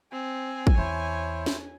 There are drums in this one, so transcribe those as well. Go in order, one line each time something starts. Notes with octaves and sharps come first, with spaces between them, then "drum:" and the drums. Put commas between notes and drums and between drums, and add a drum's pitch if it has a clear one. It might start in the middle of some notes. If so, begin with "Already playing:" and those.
C4 G#5
drum: kick
E2 E4 C5 C#5
drum: snare